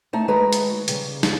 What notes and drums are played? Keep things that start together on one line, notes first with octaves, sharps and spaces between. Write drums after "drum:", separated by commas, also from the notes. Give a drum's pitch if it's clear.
A3 D#4 G#5 A5
D#3 G#3 F#4 B4 A#5
drum: hi-hat
C#3 G3, drum: hi-hat
drum: snare